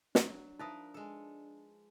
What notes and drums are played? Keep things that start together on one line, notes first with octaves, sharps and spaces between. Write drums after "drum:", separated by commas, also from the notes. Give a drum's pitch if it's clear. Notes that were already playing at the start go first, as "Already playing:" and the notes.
F#3 D4, drum: snare
F3 D#4 A#4 B4 E5 D#6
G#3 A4